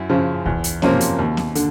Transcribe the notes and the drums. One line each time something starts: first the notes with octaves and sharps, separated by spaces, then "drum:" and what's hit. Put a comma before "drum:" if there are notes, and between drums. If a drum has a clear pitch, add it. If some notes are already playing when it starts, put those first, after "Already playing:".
Already playing: F#2 E4
C#3 F3
E2, drum: kick
drum: hi-hat
C3 F3 A#3 C#4, drum: snare B3
drum: hi-hat
D#2
drum: snare B3
D3, drum: hi-hat